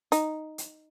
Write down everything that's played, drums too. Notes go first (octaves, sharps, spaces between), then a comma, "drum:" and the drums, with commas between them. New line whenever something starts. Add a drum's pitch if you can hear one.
D#4, drum: hi-hat
drum: hi-hat